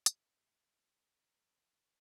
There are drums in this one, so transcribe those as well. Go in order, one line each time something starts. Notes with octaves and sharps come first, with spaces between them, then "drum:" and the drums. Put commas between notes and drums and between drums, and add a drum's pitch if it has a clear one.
E5, drum: hi-hat
A#5
D#4